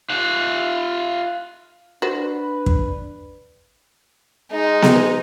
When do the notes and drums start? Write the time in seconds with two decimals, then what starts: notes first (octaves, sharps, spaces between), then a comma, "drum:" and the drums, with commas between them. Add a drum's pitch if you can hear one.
0.10 F4 F#5
2.02 D4 F#4 B4 C5
2.66 drum: kick
4.52 G#3 D#4
4.82 drum: snare B3